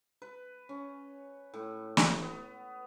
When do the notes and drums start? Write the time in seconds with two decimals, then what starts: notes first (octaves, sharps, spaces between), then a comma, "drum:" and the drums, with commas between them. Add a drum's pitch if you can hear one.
0.22 B4
0.69 C#4
1.54 A2
1.97 drum: snare
2.22 B3